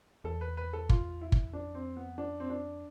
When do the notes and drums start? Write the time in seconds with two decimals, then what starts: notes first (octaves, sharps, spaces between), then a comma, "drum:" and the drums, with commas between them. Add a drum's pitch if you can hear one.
0.24 E2 A4
0.41 B4
0.57 B4
0.73 A4
0.89 F4, drum: kick
1.21 E4
1.32 drum: kick
1.53 F2 D4
1.75 C4
1.97 B3
2.18 D4
2.40 C4
2.50 D4